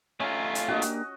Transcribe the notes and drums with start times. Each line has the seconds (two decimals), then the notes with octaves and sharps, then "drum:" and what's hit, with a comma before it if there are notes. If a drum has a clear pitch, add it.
0.20 A3 C#4 F4 D#5 G#5 A#5
0.55 drum: hi-hat
0.68 A#3 D4 F#4 G4 D#5
0.82 drum: hi-hat